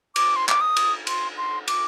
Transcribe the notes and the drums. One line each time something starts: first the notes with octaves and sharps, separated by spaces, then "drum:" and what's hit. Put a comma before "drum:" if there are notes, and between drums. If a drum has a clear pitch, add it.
D6, drum: cymbal
C6
D6, drum: clap
D#6
drum: cymbal
C6, drum: cymbal
C6
D6, drum: cymbal